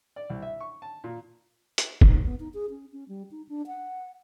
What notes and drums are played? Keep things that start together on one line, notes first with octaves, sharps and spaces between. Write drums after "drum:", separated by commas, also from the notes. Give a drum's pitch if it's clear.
D5
C2
E5
C#6
A5
A#2
drum: hi-hat
D#4, drum: kick
B3
D#4
G#4
C#4
C#4
G3
D#4
D4
F#5